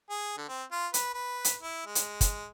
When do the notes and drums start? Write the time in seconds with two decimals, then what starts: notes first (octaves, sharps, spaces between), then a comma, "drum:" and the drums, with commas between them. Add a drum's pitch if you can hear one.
0.10 G#4
0.37 D3
0.48 C4
0.71 F4
0.94 B4, drum: hi-hat
1.14 B4
1.44 drum: hi-hat
1.62 E4
1.86 G#3
1.95 drum: hi-hat
2.21 drum: kick, hi-hat